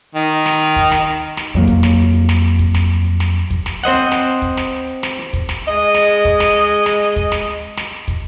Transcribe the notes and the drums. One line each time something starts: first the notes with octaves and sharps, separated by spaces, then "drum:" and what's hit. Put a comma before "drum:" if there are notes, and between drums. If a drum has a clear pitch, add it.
D#3
drum: snare
drum: kick
drum: snare
drum: snare
F2 F#3 A#3
drum: kick
drum: snare
drum: snare
drum: kick
drum: snare
drum: snare
drum: kick
drum: snare
C4 C5 D#5 F#5
drum: snare
drum: kick
drum: snare
drum: snare
drum: kick
drum: snare
G#3 D#5
drum: snare
drum: kick
drum: snare
drum: snare
drum: kick
drum: snare
drum: snare
drum: kick